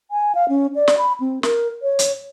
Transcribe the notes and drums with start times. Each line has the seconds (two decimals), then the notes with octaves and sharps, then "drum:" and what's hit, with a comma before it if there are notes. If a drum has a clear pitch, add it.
0.11 G#5
0.35 F5
0.49 C#4
0.75 D5
0.88 drum: snare
0.98 B5
1.20 C4
1.43 A#4, drum: snare
1.82 C#5
1.99 drum: hi-hat